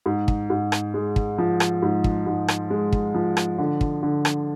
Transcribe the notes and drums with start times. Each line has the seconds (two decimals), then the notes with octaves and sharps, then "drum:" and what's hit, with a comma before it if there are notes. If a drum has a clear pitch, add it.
0.06 G#2
0.28 drum: kick
0.50 G#2
0.72 drum: rim click
0.94 G#3
1.16 drum: kick
1.38 F3
1.60 drum: rim click
1.82 G#2
2.04 drum: kick
2.27 G#2
2.48 drum: rim click
2.70 G#3
2.92 drum: kick
3.14 F3
3.37 drum: rim click
3.58 D3
3.81 drum: kick
4.03 D3
4.25 drum: rim click